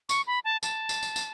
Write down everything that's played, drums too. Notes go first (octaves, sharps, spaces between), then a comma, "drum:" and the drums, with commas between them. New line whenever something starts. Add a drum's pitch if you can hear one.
C#6, drum: tambourine
B5
A5
A5, drum: tambourine
drum: tambourine
drum: tambourine
drum: tambourine